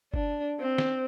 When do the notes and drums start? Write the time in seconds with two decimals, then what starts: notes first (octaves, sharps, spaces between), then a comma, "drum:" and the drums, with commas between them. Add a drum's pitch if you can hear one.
0.14 D4, drum: kick F#1
0.60 C4
0.78 drum: snare